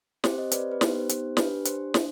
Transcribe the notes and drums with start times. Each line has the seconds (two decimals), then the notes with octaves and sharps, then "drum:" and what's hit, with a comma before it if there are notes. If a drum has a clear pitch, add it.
0.24 C4 G4 C5, drum: snare
0.38 C5 D#5
0.51 B4 D5, drum: hi-hat
0.72 B4
0.81 B3 D#4 G4 C5, drum: snare
0.99 C5
1.09 C5, drum: hi-hat
1.37 D4 G4 B4, drum: snare
1.65 C5, drum: hi-hat
1.94 D4, drum: snare